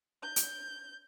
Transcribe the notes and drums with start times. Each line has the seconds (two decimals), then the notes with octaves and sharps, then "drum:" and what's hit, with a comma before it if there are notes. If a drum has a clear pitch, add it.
0.22 G6
0.36 drum: hi-hat